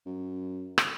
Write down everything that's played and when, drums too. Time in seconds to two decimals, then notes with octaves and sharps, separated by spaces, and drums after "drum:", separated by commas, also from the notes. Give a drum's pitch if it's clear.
0.06 F#2
0.78 drum: rim click